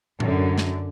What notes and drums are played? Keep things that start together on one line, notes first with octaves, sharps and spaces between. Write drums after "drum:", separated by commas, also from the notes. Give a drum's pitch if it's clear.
F#2 D3, drum: tom A2
drum: snare